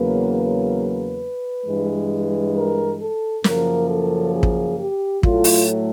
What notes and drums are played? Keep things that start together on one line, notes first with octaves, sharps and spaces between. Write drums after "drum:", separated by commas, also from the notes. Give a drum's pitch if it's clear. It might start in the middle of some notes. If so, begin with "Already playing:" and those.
Already playing: E2 C#3 F#3 A#3 B4
B4
G2 E3 G#3
A#4
A4
F#2 C#3 F3 A#3 A#4, drum: snare
A4
G#4
drum: kick
G4
A2 F#3 A3 F4, drum: kick
drum: open hi-hat